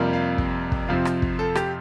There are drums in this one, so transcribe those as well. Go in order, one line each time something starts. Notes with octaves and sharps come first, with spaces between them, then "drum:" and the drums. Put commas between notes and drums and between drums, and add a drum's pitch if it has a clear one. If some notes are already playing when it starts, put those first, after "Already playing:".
Already playing: F2 C3 G3 A#3 F4
F5
drum: kick
drum: kick
F2 C3 F3 C4 F4
drum: rim click
drum: kick
A4
G4, drum: rim click